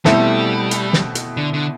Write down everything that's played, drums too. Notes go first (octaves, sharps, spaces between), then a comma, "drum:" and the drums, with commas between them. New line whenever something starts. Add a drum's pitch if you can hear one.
B2 G3 A3 C4 E4 A4, drum: snare
drum: hi-hat
drum: snare
drum: hi-hat
D3
D3